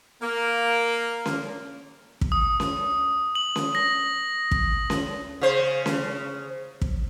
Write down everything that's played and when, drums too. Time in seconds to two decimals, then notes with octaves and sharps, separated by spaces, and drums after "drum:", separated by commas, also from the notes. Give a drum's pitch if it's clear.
0.22 A#3
1.26 drum: snare C#4
2.21 drum: kick
2.32 D#6
2.60 drum: snare C#4
3.35 F#7
3.56 drum: snare C#4
3.75 A#6
4.51 drum: kick
4.90 drum: snare C#4
5.41 C#3 C5
5.86 drum: snare C#4
6.81 drum: kick